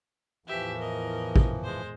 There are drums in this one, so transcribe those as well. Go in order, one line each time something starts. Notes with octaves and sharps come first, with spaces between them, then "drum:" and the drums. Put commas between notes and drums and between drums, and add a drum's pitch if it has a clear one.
E2 A2 E3 F3 G4 E5
A#4 D#5
drum: kick A1
G#3 C5